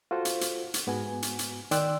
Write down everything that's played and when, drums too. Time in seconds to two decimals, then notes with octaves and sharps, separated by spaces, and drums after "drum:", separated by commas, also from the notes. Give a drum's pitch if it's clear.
0.11 F4 F#4 A4 C5
0.25 drum: hi-hat
0.41 drum: hi-hat
0.74 drum: hi-hat
0.87 G#2 B3 F#4 G#5
1.22 drum: hi-hat
1.39 drum: hi-hat
1.71 D#3 D5 G5 C6 E6 F#6, drum: hi-hat